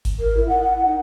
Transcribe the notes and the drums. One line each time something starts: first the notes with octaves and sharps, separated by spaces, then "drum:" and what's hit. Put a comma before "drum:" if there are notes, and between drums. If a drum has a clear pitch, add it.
drum: kick G#1, open hi-hat
A#4
E4
F#5
F#5
D#4